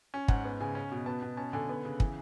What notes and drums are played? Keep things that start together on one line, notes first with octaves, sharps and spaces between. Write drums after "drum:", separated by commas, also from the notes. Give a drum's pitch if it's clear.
C#4
G#2 F#5, drum: kick
B3
C#3 G#5
C#4
B2
B3 A5
B2
C#4 A5
D3 G#5
B3
C#3
E3, drum: kick